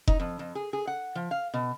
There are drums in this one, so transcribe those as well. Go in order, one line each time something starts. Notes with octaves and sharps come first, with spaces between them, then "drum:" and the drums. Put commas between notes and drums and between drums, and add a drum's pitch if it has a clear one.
D#4, drum: kick F1
F2
F2
G#4
G#4
F#5
F3
F5
B2